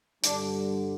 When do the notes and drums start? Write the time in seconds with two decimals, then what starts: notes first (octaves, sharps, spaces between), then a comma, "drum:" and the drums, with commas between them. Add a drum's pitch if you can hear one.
0.23 G2 D3 G3 D4, drum: hi-hat